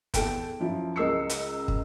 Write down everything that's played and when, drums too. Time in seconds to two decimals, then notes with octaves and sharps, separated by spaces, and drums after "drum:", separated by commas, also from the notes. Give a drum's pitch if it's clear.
0.14 E2 A4 G5 D7, drum: kick, hi-hat
0.60 F#2 F3 E4
0.96 C#2 A#4 D#5 E6 C7 C#7
1.29 drum: hi-hat
1.68 drum: kick